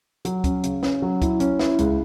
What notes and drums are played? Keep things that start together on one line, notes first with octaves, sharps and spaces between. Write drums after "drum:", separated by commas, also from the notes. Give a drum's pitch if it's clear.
F#3, drum: hi-hat
C#4, drum: kick, hi-hat
C#3, drum: hi-hat
C#4, drum: snare
F#3
E4, drum: kick, hi-hat
C#4, drum: hi-hat
E4, drum: snare
C#2, drum: hi-hat